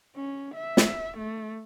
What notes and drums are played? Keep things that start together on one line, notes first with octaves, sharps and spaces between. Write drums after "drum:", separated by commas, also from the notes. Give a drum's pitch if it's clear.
C#4
E5
drum: snare
A3